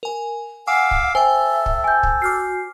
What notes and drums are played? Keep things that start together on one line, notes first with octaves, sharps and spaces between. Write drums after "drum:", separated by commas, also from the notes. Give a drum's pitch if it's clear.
A#4 G#5
F5 F#5 G#5 D6 E6
drum: kick
A4 C5 E5 G5 G#5
drum: kick
G#5 G6
drum: kick
F#4 D6 F6 C7